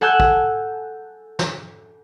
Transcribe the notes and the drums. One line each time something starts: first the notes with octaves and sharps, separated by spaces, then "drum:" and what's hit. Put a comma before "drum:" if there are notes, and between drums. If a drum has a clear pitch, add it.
A4 F#5 G#5 E6 F#6 G6
drum: kick
drum: snare